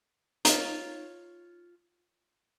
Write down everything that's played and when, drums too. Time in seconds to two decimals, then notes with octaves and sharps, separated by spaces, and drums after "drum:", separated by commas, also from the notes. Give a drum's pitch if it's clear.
0.45 D#4 F4 C#5, drum: hi-hat